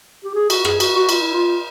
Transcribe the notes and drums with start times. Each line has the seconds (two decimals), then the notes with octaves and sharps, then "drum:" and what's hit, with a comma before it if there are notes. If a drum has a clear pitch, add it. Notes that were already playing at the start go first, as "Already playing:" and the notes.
0.24 G4
0.34 G#4
0.50 F#4, drum: cymbal
0.65 G#4, drum: rim click
0.80 F#4, drum: cymbal
0.96 F#4
1.09 F4, drum: cymbal
1.21 E4
1.34 F4